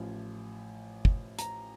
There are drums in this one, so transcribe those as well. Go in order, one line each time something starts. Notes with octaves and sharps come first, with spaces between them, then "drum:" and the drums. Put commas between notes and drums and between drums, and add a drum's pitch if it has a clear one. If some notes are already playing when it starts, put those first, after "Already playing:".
Already playing: A1 A2 F3
drum: kick
A#5, drum: hi-hat